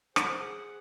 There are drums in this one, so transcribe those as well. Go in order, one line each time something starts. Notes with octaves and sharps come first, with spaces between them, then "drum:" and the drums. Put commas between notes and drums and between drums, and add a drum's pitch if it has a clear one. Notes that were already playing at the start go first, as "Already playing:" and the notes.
G#4 C5 F#5, drum: rim click